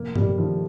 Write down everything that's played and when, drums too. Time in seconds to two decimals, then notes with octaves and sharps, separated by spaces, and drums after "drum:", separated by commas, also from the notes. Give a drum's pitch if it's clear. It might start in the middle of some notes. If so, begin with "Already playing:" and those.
Already playing: F1 A#3
0.16 F1 G3, drum: tom G2
0.38 D#3 F3